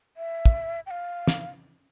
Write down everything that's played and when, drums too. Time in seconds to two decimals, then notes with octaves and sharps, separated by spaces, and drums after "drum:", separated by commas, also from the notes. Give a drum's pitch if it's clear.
0.17 E5
0.45 drum: kick
0.86 G5
0.91 F5
1.27 drum: snare